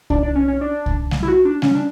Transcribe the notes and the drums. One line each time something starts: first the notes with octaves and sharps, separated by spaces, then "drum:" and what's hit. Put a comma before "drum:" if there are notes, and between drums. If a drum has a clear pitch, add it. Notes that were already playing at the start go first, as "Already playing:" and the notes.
D4, drum: kick C2
D4
C#4
C#4
D4
drum: kick C2
drum: snare G3
E4
F#4
D4
C#4, drum: snare G3
D4